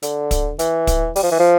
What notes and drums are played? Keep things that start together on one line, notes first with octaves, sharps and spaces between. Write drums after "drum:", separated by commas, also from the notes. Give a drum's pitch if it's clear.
D3, drum: hi-hat
drum: kick, hi-hat
E3, drum: hi-hat
drum: kick, hi-hat
G3, drum: open hi-hat
F3
E3
F3